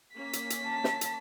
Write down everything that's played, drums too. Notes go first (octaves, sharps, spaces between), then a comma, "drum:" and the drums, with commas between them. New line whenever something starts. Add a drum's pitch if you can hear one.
A#3 C#4 B6
drum: hi-hat
drum: hi-hat
A5
drum: snare
drum: hi-hat